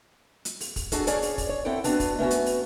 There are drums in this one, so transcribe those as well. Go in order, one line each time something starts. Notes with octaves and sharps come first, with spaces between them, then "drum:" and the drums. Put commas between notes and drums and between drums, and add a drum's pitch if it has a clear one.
drum: hi-hat
drum: open hi-hat
drum: kick, open hi-hat
D4 F#4 G#4 A4, drum: kick, hi-hat
C#4 G#4 C#5 D5 F#5, drum: hi-hat
drum: open hi-hat
drum: kick, open hi-hat
C#5
C4 E4 A4 F#5 G5
B3 D4 F#4, drum: open hi-hat
drum: kick, open hi-hat
A3 B3 C#4 F#4
drum: hi-hat
drum: open hi-hat